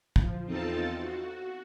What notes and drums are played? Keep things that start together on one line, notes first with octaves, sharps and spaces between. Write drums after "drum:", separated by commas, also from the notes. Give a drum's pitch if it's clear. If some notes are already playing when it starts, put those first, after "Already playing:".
F3, drum: kick
E2 C4 D#4 F4 A4 A5
F#4